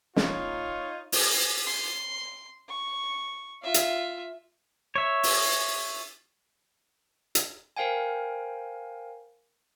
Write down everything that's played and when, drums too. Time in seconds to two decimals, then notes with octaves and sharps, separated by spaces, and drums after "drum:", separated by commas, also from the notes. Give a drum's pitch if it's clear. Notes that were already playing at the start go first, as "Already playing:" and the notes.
0.16 A#2 D#4 F4 C#5, drum: snare
1.12 drum: open hi-hat
1.67 C6
2.69 C#6
3.62 F4 E5
3.74 drum: hi-hat
4.96 C#5 E5
5.23 drum: open hi-hat
7.35 drum: hi-hat
7.76 A#4 C5 F5 G5 G#5